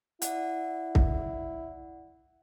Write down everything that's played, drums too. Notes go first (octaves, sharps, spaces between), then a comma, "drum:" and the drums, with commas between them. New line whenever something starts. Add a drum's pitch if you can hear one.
E4 D5 F#5, drum: hi-hat
drum: kick C2